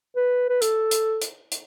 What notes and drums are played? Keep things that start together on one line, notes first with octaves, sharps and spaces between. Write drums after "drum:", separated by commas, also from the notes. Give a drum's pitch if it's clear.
B4
B4
A4, drum: hi-hat
drum: hi-hat
drum: hi-hat
drum: hi-hat